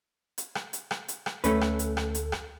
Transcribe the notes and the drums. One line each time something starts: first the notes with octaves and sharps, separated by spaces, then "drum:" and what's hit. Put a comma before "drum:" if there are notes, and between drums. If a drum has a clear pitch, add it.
drum: hi-hat
drum: rim click
drum: hi-hat
drum: rim click
drum: hi-hat
drum: rim click
D2 A3 C#4 A4 B4, drum: hi-hat
drum: rim click
drum: hi-hat
drum: rim click
drum: hi-hat
drum: rim click